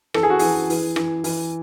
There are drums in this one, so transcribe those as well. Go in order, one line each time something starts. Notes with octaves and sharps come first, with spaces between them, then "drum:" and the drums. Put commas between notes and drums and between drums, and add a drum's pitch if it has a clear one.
E3 A4, drum: rim click
G#4
F#4
E3 G#4, drum: open hi-hat
E3, drum: open hi-hat
E3, drum: rim click
E3, drum: open hi-hat